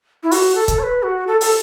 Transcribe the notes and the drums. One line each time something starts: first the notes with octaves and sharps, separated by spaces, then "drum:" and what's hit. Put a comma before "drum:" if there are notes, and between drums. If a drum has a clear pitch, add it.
E4
F#4, drum: open hi-hat
A4
A4, drum: kick, hi-hat
C#5
B4
F#4
A4
A4, drum: open hi-hat